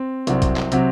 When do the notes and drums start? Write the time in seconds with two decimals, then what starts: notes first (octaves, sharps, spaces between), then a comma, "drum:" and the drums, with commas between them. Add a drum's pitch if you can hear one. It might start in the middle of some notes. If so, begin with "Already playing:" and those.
Already playing: C4
0.27 C2 C3 F#3 C4, drum: hi-hat
0.42 drum: kick, hi-hat
0.56 drum: clap
0.72 C3 F#3 C4, drum: hi-hat